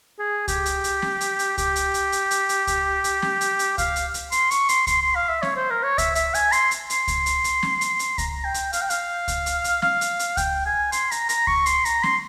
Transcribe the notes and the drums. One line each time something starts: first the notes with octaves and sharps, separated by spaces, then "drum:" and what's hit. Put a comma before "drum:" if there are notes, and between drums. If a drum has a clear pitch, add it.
G#4
G4, drum: kick C#2, hi-hat
drum: hi-hat
drum: hi-hat
drum: snare
drum: hi-hat
drum: hi-hat
G4, drum: kick C#2, hi-hat
drum: hi-hat
drum: hi-hat
drum: hi-hat
drum: hi-hat
drum: hi-hat
drum: kick C#2, hi-hat
drum: hi-hat
drum: snare
drum: hi-hat
drum: hi-hat
F5, drum: kick C#2, hi-hat
drum: hi-hat
drum: hi-hat
C6, drum: hi-hat
C#6, drum: hi-hat
C6, drum: hi-hat
C6, drum: kick C#2, hi-hat
C6
F5
E5
C#5, drum: snare
C5
A#4
C#5
E5, drum: kick C#2, hi-hat
E5, drum: hi-hat
G#5, drum: hi-hat
C6, drum: hi-hat
drum: hi-hat
C6, drum: hi-hat
drum: kick C#2, hi-hat
drum: hi-hat
drum: hi-hat
drum: snare
drum: hi-hat
drum: hi-hat
A#5, drum: kick C#2, hi-hat
G5
drum: hi-hat
F5, drum: hi-hat
G5
F5, drum: hi-hat
drum: kick C#2, hi-hat
drum: hi-hat
drum: hi-hat
F5, drum: snare
drum: hi-hat
drum: hi-hat
G5, drum: kick C#2, hi-hat
G#5
C6, drum: hi-hat
A#5, drum: hi-hat
A#5, drum: hi-hat
C#6, drum: kick C#2
C6, drum: hi-hat
A#5, drum: hi-hat
C6, drum: snare